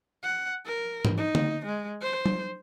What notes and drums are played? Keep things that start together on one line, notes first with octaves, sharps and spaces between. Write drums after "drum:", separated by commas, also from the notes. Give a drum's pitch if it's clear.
F#5
A#4
drum: tom
D#4
drum: tom D3
G#3
C5
drum: tom